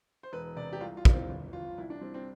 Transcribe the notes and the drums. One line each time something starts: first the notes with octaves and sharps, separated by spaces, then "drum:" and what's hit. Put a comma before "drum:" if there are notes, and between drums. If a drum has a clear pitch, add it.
C5
E1 B4
C3 D5
G4
C2 F4
F4
E3, drum: kick
C4
G1
F3 F4
C2 E4
D4
G3 C4
C4